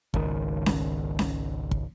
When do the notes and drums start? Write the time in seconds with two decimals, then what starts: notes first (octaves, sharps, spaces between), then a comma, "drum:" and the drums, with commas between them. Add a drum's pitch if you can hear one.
0.14 G#1 C#2 D#3, drum: kick
0.66 drum: snare C#4
1.19 drum: snare C#4
1.71 drum: kick